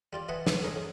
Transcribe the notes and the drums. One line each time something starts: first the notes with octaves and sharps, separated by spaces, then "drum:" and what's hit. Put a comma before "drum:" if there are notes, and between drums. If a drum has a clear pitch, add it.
G3 F4 D5
E3 E4 D#5 F#5 G#5
A#4 B4, drum: snare
G#4 A#4 C#5 D#5
G#2